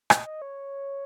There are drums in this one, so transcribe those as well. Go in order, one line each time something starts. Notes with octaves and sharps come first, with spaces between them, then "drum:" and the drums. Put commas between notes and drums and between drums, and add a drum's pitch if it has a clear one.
D#5, drum: rim click
D#5
C#5